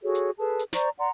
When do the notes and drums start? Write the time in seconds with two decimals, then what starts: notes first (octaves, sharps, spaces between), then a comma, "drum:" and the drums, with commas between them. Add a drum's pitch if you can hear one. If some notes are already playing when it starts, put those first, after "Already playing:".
0.02 F#4 G#4 A4 C#5
0.15 drum: hi-hat
0.38 G#4 A4 B4 A5
0.59 drum: hi-hat
0.73 C5 D5 A#5 C#6, drum: snare
0.99 D5 F#5 A#5 C6